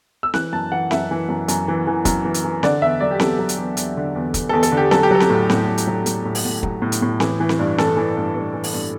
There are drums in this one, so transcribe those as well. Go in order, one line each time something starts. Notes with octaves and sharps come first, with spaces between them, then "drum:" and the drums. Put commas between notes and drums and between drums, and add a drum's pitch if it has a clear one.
E6
E3 F#6, drum: snare C4
F#2 A5
E3 F#5
F#2 E5, drum: snare C4
E3
F#2
F#2, drum: hi-hat
E3
E3
F#2, drum: kick, hi-hat
E3
drum: hi-hat
E3
D3 D5, drum: snare C4
E2 E5
F#3 D5
G4
E2 A4, drum: snare C4
F#3
drum: hi-hat
E2
E2, drum: hi-hat
D3
E2
E2, drum: kick, hi-hat
E2 A4
A4, drum: hi-hat
D3
G4
F#3 A4, drum: snare C4
G4
F#3 A4
drum: snare C4
A2
A2, drum: snare C4
A2
drum: hi-hat
F#3
F#3, drum: hi-hat
A2
drum: open hi-hat
A2
F#3, drum: kick
A2
drum: hi-hat
A2
E3, drum: snare C4
E3
drum: snare C4
G2
E3 A4, drum: snare C4
E3
G2
G2
E3
drum: open hi-hat
G2